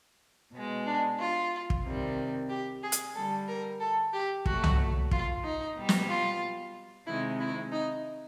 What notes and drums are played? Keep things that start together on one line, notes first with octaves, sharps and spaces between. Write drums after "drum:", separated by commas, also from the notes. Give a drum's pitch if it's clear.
B2 G#3
D4
F4
drum: kick
C3 D#3 G3
G4
G#4
drum: hi-hat
D3 G3 A4
A#4
A4
G4
A#2 F#3 A3 F#4, drum: kick
drum: tom C2
F4, drum: kick
D#4
B2 G3
drum: snare
F4
C3 D#3 G#3 E4
E4
D#4